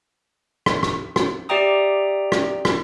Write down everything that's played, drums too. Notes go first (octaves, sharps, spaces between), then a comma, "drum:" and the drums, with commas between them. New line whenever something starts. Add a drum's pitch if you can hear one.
drum: rim click
drum: rim click
drum: rim click
G4 D5 E5 G5 A#5 D#6
drum: rim click
drum: rim click